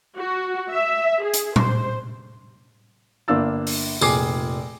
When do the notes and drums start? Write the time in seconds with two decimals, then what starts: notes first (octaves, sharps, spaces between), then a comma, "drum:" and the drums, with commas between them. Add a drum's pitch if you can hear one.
0.17 F#4
0.71 E5
1.23 G#4
1.34 drum: hi-hat
1.56 C5, drum: tom A#2
3.28 G1 A#3 D4 F5 E6 A6
3.67 drum: open hi-hat
4.01 F1 A#2 G#4 G#5 D6 C7, drum: tambourine